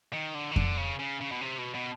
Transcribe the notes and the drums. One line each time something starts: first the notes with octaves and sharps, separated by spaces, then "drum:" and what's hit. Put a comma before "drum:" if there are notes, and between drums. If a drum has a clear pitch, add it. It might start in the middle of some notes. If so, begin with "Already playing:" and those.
D#3
D3
D#3
D3, drum: kick F2
C#3
C#3
C#3
B2
C3
B2
B2